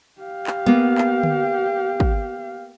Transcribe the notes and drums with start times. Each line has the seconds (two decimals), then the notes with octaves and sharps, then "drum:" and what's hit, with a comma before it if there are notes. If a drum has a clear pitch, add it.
0.21 G4 F5
0.47 drum: clap
0.66 A#3 B3
0.98 drum: clap
1.23 drum: tom D3
2.00 drum: kick